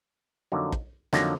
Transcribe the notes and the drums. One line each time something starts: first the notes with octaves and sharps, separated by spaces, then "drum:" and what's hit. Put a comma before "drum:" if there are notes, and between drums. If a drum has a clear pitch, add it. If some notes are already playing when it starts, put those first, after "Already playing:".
F2 D3 F#3 A#3 D#4
drum: kick
F2 D3 F#3 A#3 D#4, drum: snare